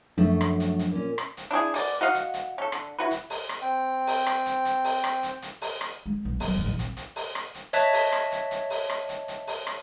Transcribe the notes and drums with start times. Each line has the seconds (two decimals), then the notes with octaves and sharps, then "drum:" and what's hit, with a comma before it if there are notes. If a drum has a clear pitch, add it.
0.18 F#2 F3 F#3 A3 D4 E5
0.41 drum: rim click
0.60 drum: hi-hat
0.79 drum: hi-hat
0.92 A#2 C#4
1.18 drum: rim click
1.37 drum: hi-hat
1.51 D4 E4 G4 G#4
1.74 B2 D5, drum: open hi-hat
2.01 F#4 D#5 F5 F#5
2.14 drum: hi-hat
2.34 drum: hi-hat
2.58 C#4 A4
2.72 D3, drum: rim click
2.99 E4 F#4 B4
3.11 drum: hi-hat
3.30 drum: open hi-hat
3.49 drum: rim click
3.62 C4 G5
4.07 drum: open hi-hat
4.26 drum: rim click
4.46 drum: hi-hat
4.65 drum: hi-hat
4.84 drum: open hi-hat
5.04 drum: rim click
5.23 drum: hi-hat
5.42 drum: hi-hat
5.62 drum: open hi-hat
5.81 drum: rim click
6.06 G#3
6.25 B1
6.40 F#3 B3, drum: open hi-hat
6.54 D#2 A2
6.66 A#1 E2
6.79 C2, drum: hi-hat
6.97 drum: hi-hat
7.16 drum: open hi-hat
7.35 drum: rim click
7.54 drum: hi-hat
7.73 C#5 D#5 E5 A5 F#6 B6, drum: hi-hat
7.93 drum: open hi-hat
8.12 drum: rim click
8.32 drum: hi-hat
8.51 drum: hi-hat
8.70 drum: open hi-hat
8.89 drum: rim click
9.09 drum: hi-hat
9.28 drum: hi-hat
9.47 drum: open hi-hat
9.67 drum: rim click